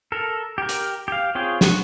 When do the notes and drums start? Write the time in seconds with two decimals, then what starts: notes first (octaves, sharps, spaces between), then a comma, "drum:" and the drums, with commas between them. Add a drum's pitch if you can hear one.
0.12 A4 A#4
0.58 G4 A#4
0.69 drum: hi-hat
1.08 G4 F5
1.35 C4 F4 G#4 C#5 G5
1.61 F#4, drum: snare